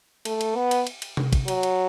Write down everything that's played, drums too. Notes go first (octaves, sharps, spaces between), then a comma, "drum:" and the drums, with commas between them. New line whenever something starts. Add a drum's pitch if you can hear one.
A3, drum: cymbal
drum: cymbal
B3
drum: cymbal
drum: cymbal
drum: cymbal
drum: tom C3
drum: kick, cymbal
F#3, drum: cymbal
drum: cymbal